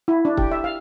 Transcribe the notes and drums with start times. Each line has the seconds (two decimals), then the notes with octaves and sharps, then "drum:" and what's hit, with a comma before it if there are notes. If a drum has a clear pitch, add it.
0.08 E4
0.25 D4
0.37 G4, drum: kick
0.51 E5
0.64 F5